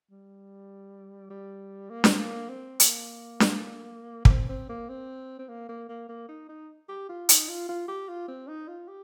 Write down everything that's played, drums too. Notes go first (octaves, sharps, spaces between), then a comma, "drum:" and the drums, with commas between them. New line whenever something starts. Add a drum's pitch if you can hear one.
G3
G3
A#3
C4, drum: snare D4
A#3
C4
A#3, drum: hi-hat
drum: snare D4
A#3, drum: kick
C4
C4
A#3
C4
C4
A#3
A#3
A#3
A#3
D#4
D#4
G4
F4
D#4, drum: hi-hat
F4
F4
G4
F4
C4
D#4
F4
G4